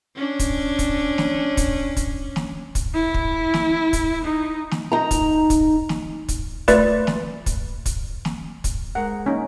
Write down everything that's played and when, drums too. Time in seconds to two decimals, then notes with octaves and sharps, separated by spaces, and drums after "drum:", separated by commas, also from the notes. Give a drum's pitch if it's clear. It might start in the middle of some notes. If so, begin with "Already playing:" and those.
0.15 C#4 D4
0.39 drum: kick, hi-hat
0.79 drum: kick, hi-hat
1.18 drum: snare
1.57 drum: kick, hi-hat
1.97 drum: kick, hi-hat
2.36 drum: snare
2.75 drum: kick, hi-hat
2.94 E4
3.14 drum: kick
3.54 drum: snare
3.93 drum: kick, hi-hat
4.24 D#4
4.71 drum: snare
4.92 D#4 A#5
5.11 drum: kick, hi-hat
5.50 drum: kick, hi-hat
5.89 drum: snare
6.29 drum: kick, hi-hat
6.68 A3 F4 B4 D5 B5 A6, drum: kick, hi-hat
7.07 drum: snare
7.46 drum: kick, hi-hat
7.86 drum: kick, hi-hat
8.25 drum: snare
8.64 drum: kick, hi-hat
8.95 G#2 G#3 A#4 F#5
9.26 A#3 C#4 D#4